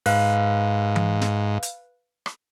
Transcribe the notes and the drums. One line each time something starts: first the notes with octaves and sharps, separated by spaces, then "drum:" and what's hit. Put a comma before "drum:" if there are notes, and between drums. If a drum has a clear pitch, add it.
G#2 B4 F5 F#6, drum: open hi-hat
drum: tom E3
drum: snare
drum: hi-hat
drum: rim click